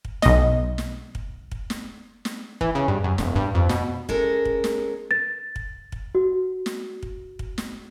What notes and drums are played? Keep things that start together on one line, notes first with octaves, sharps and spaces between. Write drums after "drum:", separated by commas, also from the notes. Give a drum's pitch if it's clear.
drum: kick
B1 D#5, drum: snare
drum: snare
drum: kick
drum: kick
drum: snare
drum: snare
E3, drum: kick
C#3
G2
F#2
E1, drum: snare
G2
F2
B2, drum: snare
G#3 C#4 A4 A#4, drum: kick
drum: kick
drum: snare
A6
drum: kick
drum: kick
F#4
drum: snare
drum: kick
drum: kick
drum: snare